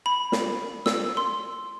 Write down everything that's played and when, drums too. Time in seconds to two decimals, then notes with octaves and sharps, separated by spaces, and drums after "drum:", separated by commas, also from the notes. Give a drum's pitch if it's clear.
0.06 B5
0.32 drum: snare
0.86 E6, drum: snare
1.17 C6